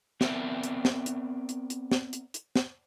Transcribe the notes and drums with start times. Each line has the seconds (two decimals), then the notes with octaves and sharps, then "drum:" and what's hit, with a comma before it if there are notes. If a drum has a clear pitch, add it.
0.21 B3 C4 A#4 D5 E5, drum: snare
0.63 drum: hi-hat
0.85 drum: snare
1.06 drum: hi-hat
1.49 drum: hi-hat
1.70 drum: hi-hat
1.92 drum: snare
2.13 drum: hi-hat
2.34 drum: hi-hat
2.56 drum: snare